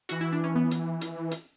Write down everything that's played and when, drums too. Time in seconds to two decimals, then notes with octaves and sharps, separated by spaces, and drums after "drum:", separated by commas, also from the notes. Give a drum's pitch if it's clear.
0.09 E3 F#4, drum: hi-hat
0.21 E4
0.33 D4
0.44 C#4
0.55 B3
0.71 drum: hi-hat
1.01 drum: hi-hat
1.31 drum: hi-hat